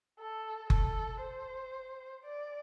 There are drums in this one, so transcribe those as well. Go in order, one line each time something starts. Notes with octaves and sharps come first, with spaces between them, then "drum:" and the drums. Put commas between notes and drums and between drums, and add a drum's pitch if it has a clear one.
A4
A4, drum: kick F#1
C5
D5